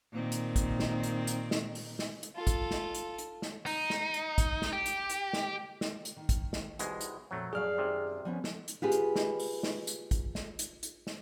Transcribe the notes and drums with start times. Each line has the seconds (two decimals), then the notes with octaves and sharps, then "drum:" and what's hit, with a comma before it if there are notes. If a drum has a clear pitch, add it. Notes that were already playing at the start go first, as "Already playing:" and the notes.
0.13 A#2 D#3 C4
0.32 drum: hi-hat
0.56 drum: kick, hi-hat
0.80 drum: snare
1.03 drum: hi-hat
1.27 drum: hi-hat
1.51 drum: snare
1.75 drum: open hi-hat
1.99 drum: snare
2.23 drum: hi-hat
2.36 F4 A4
2.47 drum: kick, hi-hat
2.71 drum: snare
2.95 drum: hi-hat
3.18 drum: hi-hat
3.42 drum: snare
3.66 D#4, drum: open hi-hat
3.90 drum: snare
4.14 drum: hi-hat
4.38 drum: kick, hi-hat
4.62 drum: snare
4.73 G4
4.86 drum: hi-hat
5.10 drum: hi-hat
5.33 drum: snare
5.81 drum: snare
6.05 drum: hi-hat
6.16 D#3
6.29 drum: kick, hi-hat
6.53 drum: snare
6.79 C2 B2 G#3, drum: hi-hat
7.01 drum: hi-hat
7.31 F2 A#2 F#3 A3 A#4
7.53 F#2 G#4 D5 F5 F6
7.78 G#1 C3
8.25 F3 B3 C#4
8.44 drum: snare
8.68 drum: hi-hat
8.82 F4 G4 G#4 B4
8.92 drum: hi-hat
9.16 drum: snare
9.39 drum: open hi-hat
9.63 drum: snare
9.87 drum: hi-hat
10.11 drum: kick, hi-hat
10.35 drum: snare
10.59 drum: hi-hat
10.83 drum: hi-hat
11.07 drum: snare